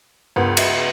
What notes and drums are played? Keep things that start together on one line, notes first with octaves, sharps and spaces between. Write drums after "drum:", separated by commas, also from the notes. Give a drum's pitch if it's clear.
C#2 G2 B3 F4 A#4
F#4 D#5 E5, drum: cymbal